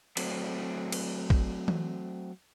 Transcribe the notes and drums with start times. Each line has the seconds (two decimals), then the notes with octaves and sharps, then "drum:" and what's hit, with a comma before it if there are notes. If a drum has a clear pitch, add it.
0.17 F#3 A3 C4, drum: cymbal
0.92 drum: cymbal
1.30 drum: kick A1
1.68 drum: tom E3